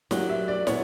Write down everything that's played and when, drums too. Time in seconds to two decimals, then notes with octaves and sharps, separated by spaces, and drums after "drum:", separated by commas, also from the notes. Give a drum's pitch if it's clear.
0.11 F#3 A#3 D4 G4, drum: snare
0.29 E5
0.48 D5
0.67 A#2 F#3 B3 E4 C#5, drum: snare